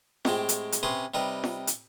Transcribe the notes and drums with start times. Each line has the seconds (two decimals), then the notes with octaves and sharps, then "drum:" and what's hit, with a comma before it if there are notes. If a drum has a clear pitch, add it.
0.25 A2 G#3 C4 G4, drum: snare
0.49 drum: hi-hat
0.72 drum: hi-hat
0.83 C3 C#4 B4 C6 D#6
1.14 C3 G3 D#4 B4
1.44 drum: snare
1.67 drum: hi-hat